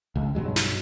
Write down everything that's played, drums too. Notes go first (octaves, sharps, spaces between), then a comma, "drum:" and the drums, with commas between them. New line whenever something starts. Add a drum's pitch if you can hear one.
C#2
B1 G2 F#3 G#3
drum: snare